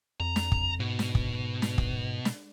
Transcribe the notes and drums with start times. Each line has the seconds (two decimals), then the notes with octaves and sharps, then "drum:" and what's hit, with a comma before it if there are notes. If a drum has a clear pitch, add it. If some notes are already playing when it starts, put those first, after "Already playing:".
0.20 F2 A#5
0.36 drum: snare
0.52 drum: kick
0.80 G#2 B2
0.99 drum: snare
1.15 drum: kick
1.62 drum: snare
1.78 drum: kick
2.25 drum: snare